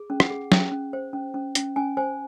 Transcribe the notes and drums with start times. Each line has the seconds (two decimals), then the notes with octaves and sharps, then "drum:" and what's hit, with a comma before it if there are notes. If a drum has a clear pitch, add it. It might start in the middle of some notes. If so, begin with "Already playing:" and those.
Already playing: G#4
0.10 C#4
0.20 F#5, drum: rim click
0.30 G#4
0.52 C#4, drum: snare
0.72 C#4
0.93 C5
1.13 C#4
1.34 C#4
1.55 C#4, drum: hi-hat
1.76 C#4 G#5
1.97 C5 G#5